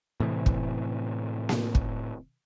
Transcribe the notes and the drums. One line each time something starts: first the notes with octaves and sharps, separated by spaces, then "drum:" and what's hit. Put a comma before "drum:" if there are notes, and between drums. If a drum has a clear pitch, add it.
A2 C3 E3
drum: kick
drum: snare A#3
drum: kick